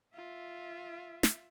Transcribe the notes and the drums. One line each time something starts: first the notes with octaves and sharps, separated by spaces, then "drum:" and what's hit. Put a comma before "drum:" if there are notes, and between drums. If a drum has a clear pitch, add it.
F4 E5
drum: snare